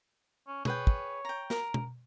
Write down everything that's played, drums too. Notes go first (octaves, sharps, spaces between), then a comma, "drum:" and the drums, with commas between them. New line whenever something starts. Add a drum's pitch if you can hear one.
C#4
G#4 B4 C#5 G5, drum: tom
drum: kick
G5 A#5
A#4, drum: snare
drum: tom